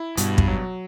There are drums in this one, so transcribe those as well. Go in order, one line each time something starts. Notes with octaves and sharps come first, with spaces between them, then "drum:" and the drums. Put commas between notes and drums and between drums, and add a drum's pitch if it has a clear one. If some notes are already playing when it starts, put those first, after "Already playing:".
Already playing: E4
G2 B2, drum: hi-hat
drum: kick
F#3